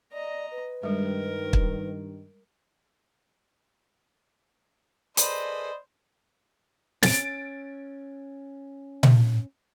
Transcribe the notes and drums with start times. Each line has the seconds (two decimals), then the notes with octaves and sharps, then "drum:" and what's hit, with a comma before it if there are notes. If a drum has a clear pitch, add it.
0.12 D5 D#5 A#5
0.51 B4
0.83 G2 D#3 G3 G#3 A#4
1.53 drum: kick
5.17 G#4 A4 B4 C5 D5 D#5 B5, drum: hi-hat
7.03 C#4 A6 D7, drum: snare
9.03 drum: tom A#2